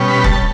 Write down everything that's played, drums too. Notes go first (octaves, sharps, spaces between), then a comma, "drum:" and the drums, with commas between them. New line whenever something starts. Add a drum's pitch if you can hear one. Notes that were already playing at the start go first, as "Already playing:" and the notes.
Already playing: B2 G3 C#4
B5
A5, drum: kick C#1